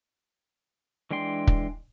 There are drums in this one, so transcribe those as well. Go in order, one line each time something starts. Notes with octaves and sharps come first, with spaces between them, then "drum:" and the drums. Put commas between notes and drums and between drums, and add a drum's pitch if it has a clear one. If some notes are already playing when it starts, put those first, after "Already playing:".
E3 G#3 D4 G5 C6
drum: kick